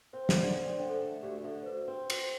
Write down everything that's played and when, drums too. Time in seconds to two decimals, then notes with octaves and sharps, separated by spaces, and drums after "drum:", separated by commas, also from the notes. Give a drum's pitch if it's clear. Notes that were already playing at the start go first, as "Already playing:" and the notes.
0.13 C4 C5
0.29 C5, drum: snare
0.36 D3
0.43 D4 D5
0.57 C4 C5
0.68 D4 D5
0.79 D3 C5
0.90 A4
1.01 A3 D4
1.22 D2 G4
1.44 D3 A4
1.62 C5
1.66 D2 B4
1.88 C4 C5
2.10 F#4 C5, drum: cymbal